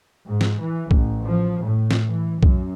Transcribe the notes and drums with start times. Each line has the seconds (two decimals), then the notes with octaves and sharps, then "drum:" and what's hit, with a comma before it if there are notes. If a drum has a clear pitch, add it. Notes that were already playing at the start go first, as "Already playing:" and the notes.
0.25 G#2
0.41 drum: snare
0.59 E3
0.91 A1, drum: kick
1.23 F3
1.61 A2
1.91 drum: snare
2.10 E3
2.43 F#2, drum: kick